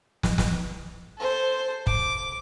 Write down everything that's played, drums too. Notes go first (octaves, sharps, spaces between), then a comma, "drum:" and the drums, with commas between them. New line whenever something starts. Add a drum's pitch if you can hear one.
drum: snare
drum: snare
A4 C5
D6, drum: kick